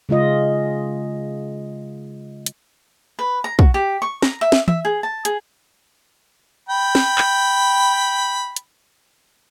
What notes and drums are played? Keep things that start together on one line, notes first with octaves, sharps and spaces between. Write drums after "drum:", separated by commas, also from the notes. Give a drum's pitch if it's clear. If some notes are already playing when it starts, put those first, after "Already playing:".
C#3 G#3 F4 D#5
drum: hi-hat
B4
A#5
F#4, drum: kick
G4
C#6
A#5, drum: snare
E5
drum: snare
E5, drum: tom E3
G#4
A5
G#4, drum: hi-hat
G5 B5
drum: snare
drum: clap
drum: hi-hat